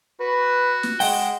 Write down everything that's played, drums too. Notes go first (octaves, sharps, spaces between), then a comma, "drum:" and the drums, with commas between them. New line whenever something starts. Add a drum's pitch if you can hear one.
F#4 B4
drum: snare
G#3 F#5 G5, drum: open hi-hat